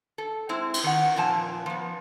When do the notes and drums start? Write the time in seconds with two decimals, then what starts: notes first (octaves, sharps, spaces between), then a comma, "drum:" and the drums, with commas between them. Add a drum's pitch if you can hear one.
0.18 A4
0.49 G#3 C4 E4
0.74 drum: cymbal
0.84 D#3 F#5
1.16 E2 A#2 F3 G#5 A5
1.66 F3 B3